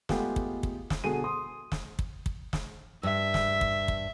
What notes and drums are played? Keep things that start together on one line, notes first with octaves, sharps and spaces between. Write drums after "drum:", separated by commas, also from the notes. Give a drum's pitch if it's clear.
G#3 A3 B3 F4 G4 G#4, drum: snare
drum: kick
drum: kick
drum: snare
B2 D3 G#4 D#7
C6 D#6
drum: snare
drum: kick
drum: kick
drum: snare
G2 E5
drum: snare
drum: kick
drum: kick